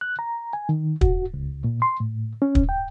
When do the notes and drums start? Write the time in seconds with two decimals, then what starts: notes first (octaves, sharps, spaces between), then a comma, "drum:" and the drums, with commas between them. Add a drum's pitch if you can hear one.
0.01 F#6
0.19 A#5
0.53 G#5
0.69 D#3
1.01 F#4, drum: kick
1.34 C#2
1.64 A#2
1.82 C6
2.00 A2
2.42 C#4
2.55 drum: kick
2.69 G5